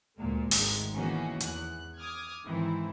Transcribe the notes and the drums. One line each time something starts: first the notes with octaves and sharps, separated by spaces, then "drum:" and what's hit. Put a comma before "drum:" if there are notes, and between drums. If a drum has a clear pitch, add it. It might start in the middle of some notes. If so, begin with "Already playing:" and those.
D2 A#2 G#3 A#3
G#1 D2 D#3 G#3, drum: open hi-hat
B2 D#3 E3 A#3 C#4 F#4
E2 F#6, drum: hi-hat
D6 D#6 F6 G#6
G#2 D#3 E3 C4 E4